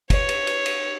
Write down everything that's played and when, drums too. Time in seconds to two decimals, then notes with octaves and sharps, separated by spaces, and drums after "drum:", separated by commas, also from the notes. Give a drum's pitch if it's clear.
0.10 C#5, drum: kick, cymbal
0.29 drum: cymbal
0.47 drum: cymbal
0.66 drum: cymbal